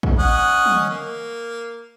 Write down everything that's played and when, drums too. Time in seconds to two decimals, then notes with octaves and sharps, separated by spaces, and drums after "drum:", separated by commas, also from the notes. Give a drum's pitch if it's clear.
0.03 drum: kick
0.19 C#4 D#5 F#5
0.66 drum: tom
0.91 A#3